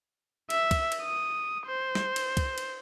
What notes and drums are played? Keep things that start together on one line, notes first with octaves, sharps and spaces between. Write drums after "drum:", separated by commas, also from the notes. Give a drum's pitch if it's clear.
E5, drum: cymbal
drum: kick, cymbal
drum: cymbal
D#6
C5
drum: snare
drum: cymbal
drum: kick, cymbal
drum: cymbal